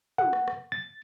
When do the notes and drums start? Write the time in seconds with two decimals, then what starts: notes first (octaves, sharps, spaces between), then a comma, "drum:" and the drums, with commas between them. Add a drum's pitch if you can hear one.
0.18 F#5, drum: tom
0.33 drum: rim click
0.48 drum: rim click
0.72 A6